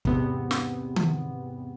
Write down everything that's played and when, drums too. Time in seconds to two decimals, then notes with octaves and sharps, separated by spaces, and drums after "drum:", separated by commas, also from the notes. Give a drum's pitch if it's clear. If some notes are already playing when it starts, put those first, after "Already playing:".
0.05 E2 G#2 C3 B3 C4, drum: kick
0.51 drum: snare
0.96 drum: tom D#3